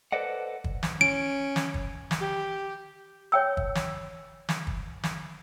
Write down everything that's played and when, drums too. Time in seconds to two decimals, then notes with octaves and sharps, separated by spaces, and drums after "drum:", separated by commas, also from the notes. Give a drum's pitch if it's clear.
0.12 A4 B4 C5 D5 D#5 F#5
0.64 drum: kick
0.83 drum: snare
1.01 C#4 D7
1.56 drum: snare
1.74 drum: kick
2.11 drum: snare
2.20 G4
3.32 C#5 G5 E6
3.57 drum: kick
3.75 drum: snare
4.49 drum: snare
4.67 drum: kick
5.03 drum: snare